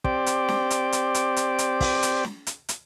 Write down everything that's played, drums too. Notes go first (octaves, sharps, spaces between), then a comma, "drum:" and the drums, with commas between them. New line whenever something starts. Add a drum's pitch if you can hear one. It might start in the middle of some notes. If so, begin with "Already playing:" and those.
C4 G4 D5, drum: kick
drum: hi-hat
drum: snare
drum: hi-hat
drum: hi-hat
drum: hi-hat
drum: hi-hat
drum: hi-hat
drum: kick, open hi-hat
drum: hi-hat
drum: snare
drum: hi-hat
drum: hi-hat